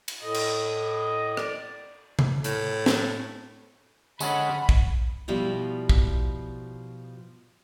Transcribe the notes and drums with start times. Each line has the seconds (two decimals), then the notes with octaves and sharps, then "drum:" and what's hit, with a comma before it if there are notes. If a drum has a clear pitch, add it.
0.08 drum: cymbal
0.23 A2 A4 D#5
0.34 drum: cymbal
1.37 D5, drum: rim click
2.19 drum: tom C3
2.44 A2, drum: hi-hat
2.86 drum: snare
4.20 D3 G#3 C#4 A4 F#5 B5, drum: tambourine
4.69 drum: kick
5.28 B2 F3 G3 E4 F4
5.89 drum: kick